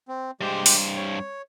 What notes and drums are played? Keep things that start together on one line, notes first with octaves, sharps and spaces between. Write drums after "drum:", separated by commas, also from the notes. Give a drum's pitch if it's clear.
C4
G2 G#3 G4 C5
drum: open hi-hat
C#5